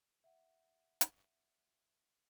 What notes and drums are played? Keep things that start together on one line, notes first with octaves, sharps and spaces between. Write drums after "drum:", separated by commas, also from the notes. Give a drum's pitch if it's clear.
E5 F#5
drum: hi-hat